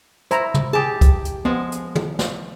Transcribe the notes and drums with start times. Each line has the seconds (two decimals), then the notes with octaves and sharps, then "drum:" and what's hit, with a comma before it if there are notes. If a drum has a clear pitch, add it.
0.31 E4 C5 A#5, drum: hi-hat
0.54 drum: tom
0.73 G4 G#4 A5
1.01 drum: kick C2, hi-hat
1.25 drum: hi-hat
1.45 F3 G#3 B3
1.72 drum: hi-hat
1.95 drum: tom
2.19 drum: snare